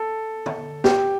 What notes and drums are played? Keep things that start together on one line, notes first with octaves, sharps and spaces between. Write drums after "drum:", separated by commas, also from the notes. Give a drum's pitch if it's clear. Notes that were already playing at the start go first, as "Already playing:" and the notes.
Already playing: A4
drum: tom
G4, drum: snare